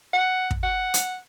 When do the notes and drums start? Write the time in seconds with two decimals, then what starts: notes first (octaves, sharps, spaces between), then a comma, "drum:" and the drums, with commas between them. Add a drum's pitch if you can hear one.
0.13 F#5
0.51 drum: kick
0.63 F#5
0.94 drum: hi-hat